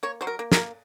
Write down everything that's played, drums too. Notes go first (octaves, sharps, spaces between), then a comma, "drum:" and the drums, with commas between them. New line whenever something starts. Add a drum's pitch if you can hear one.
A#3 C#5
F#3 C5
A#4
A#3
A#4, drum: snare
A#3